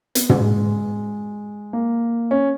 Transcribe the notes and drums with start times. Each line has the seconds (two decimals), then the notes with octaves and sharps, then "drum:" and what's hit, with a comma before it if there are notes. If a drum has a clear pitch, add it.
0.15 B3, drum: hi-hat
0.29 G#3, drum: tom
0.44 G#3
1.73 A#3
2.31 C#4